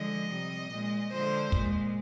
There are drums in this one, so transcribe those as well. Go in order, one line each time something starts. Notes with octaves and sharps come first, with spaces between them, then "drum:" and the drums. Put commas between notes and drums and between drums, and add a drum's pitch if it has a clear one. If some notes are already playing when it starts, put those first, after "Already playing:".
Already playing: D3 F3 G#3 D#5
C3 G3
A#2 G#3
D3 F3 G#3 C5
A#2 G#3, drum: kick